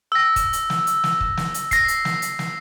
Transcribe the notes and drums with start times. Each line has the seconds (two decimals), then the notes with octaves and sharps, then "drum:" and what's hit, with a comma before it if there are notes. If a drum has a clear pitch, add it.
0.12 E6 A#6
0.36 drum: kick, hi-hat
0.53 drum: hi-hat
0.70 drum: snare
0.87 drum: hi-hat
1.04 drum: snare
1.21 drum: kick
1.37 drum: snare
1.54 drum: hi-hat
1.71 A#6 C7, drum: kick, hi-hat
1.88 drum: hi-hat
2.05 drum: snare
2.22 drum: hi-hat
2.39 drum: snare